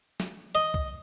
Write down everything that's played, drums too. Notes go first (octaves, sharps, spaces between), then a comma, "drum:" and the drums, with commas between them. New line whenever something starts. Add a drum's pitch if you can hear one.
drum: snare
D#5
drum: kick